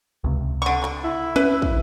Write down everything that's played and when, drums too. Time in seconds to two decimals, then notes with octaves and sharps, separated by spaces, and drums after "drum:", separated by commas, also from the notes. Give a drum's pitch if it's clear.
0.24 C#2 C3
0.62 D3 C#6
0.83 drum: clap
1.04 E4
1.36 C#4 B4
1.62 drum: kick